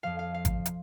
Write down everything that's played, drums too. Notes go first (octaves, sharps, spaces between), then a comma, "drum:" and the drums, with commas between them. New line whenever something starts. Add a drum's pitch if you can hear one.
F2 F3 F5
F5
F5
drum: kick, hi-hat
drum: hi-hat